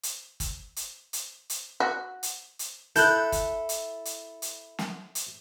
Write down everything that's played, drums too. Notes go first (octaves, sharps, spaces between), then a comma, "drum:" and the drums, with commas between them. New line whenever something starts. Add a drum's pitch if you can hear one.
drum: hi-hat
drum: kick, hi-hat
drum: hi-hat
drum: hi-hat
drum: hi-hat
F#4
drum: hi-hat
drum: hi-hat
E4 A4 F#6 G6, drum: hi-hat
drum: kick, hi-hat
drum: hi-hat
drum: hi-hat
drum: hi-hat
drum: snare
drum: hi-hat